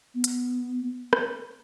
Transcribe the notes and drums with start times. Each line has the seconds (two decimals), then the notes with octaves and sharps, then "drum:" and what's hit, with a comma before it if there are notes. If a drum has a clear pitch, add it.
0.15 B3
0.24 drum: hi-hat
1.13 drum: rim click